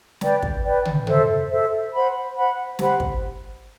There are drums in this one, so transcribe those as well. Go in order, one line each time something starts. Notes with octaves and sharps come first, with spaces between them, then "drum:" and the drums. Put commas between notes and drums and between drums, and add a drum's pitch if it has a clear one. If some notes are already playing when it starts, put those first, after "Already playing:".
B4 D5 G5, drum: snare
drum: kick
B4 D5 G5
drum: tom
A4 C5 E5, drum: tom
A4 C5 E5
C5 F#5 B5
C5 F#5 B5
G4 C5 F#5 B5, drum: snare
drum: kick